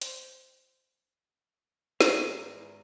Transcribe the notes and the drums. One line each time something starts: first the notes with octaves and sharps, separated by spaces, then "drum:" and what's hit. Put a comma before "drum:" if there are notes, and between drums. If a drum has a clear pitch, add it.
C5, drum: hi-hat
E2 G#2 A#4 C#6, drum: snare